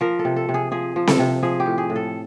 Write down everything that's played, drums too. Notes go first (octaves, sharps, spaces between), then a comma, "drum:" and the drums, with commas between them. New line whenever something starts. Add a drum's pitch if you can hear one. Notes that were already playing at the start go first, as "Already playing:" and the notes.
F3 A#4
A4
C3
A4
C3
G#4
F3 G#4
F3
A4, drum: snare C4
C3
F3 G#4
G4
A2
G#4
A2
A4